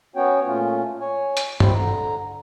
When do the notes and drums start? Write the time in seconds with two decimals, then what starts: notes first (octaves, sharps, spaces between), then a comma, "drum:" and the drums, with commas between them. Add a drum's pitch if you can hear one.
0.16 B3 C#4 F#4 C#5 G5
0.46 A#2 A3 C#4 F4
1.00 C#5 G#5
1.37 drum: hi-hat
1.60 A#2 C4 E4 C5, drum: tom
1.75 D3 A#5